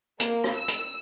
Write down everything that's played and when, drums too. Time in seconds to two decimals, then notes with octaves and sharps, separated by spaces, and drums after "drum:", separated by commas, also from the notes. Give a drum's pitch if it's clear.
0.20 A#3, drum: hi-hat
0.44 drum: rim click
0.57 E6
0.68 drum: hi-hat